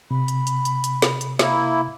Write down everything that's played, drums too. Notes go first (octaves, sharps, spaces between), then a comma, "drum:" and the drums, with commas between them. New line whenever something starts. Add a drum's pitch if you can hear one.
C3 B5
drum: hi-hat
drum: hi-hat
drum: hi-hat
drum: hi-hat
drum: snare
drum: hi-hat
A#3 E4, drum: snare